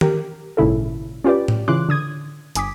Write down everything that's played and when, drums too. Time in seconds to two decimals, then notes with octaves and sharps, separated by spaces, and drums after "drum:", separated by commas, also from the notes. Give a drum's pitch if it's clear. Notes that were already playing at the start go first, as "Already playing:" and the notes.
0.01 G4 A#4, drum: tom D#3
0.57 G#1 A#2 C#3 E4 A4
1.24 C#4 F4 G4 B4 D5
1.48 drum: tom A2
1.68 C#3 E3 F4 C6 D6 F#6
1.89 D3 D#6 G#6
2.55 G1 G#5 D6 D#6 B6, drum: hi-hat